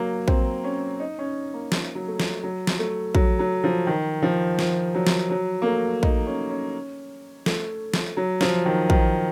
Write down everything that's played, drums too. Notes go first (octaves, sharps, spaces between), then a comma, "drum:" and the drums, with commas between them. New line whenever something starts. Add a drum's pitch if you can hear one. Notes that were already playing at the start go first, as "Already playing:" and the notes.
Already playing: F#3 A#3
C4, drum: kick
C#4
D#4
C#4
A#3
drum: snare
F#3
A3
drum: snare
F#3
drum: snare
A3
F#3, drum: kick
F#3
F3
D#3
F3
drum: snare
F#3
drum: snare
F#3
A#3
A3
D#4, drum: kick
C#4
C#4
A3, drum: snare
drum: snare
F#3
F3, drum: snare
D#3
D#3, drum: kick